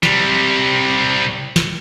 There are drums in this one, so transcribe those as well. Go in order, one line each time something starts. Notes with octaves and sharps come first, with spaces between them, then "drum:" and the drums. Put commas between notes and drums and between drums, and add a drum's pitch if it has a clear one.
C3 G3, drum: snare
drum: snare